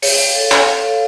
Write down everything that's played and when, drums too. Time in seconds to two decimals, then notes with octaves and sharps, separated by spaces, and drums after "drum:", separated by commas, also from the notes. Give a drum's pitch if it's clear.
0.02 C#5, drum: open hi-hat
0.19 F5
0.35 A4
0.52 F5, drum: clap
0.68 F5
0.84 A4